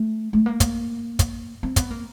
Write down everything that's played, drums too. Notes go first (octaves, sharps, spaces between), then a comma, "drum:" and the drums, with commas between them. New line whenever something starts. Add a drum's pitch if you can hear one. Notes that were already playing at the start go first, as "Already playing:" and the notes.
Already playing: A3
A3
A#3
drum: kick, hi-hat
drum: kick, hi-hat
C4
B3, drum: kick, hi-hat
A#3